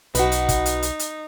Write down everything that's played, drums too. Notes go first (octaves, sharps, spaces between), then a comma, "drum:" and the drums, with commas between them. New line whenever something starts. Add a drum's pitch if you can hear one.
B1 D#4 F#4 B4, drum: hi-hat
drum: hi-hat
drum: kick, hi-hat
drum: hi-hat
drum: hi-hat
drum: hi-hat